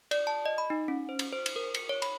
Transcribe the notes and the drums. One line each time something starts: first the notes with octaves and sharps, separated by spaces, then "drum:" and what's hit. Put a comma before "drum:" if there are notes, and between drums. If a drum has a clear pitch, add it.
D5, drum: cymbal
A5
D#5
B5
D#4
C#4
C5
drum: cymbal
C5
drum: cymbal
A#4
C#7, drum: cymbal
C#5
B5, drum: cymbal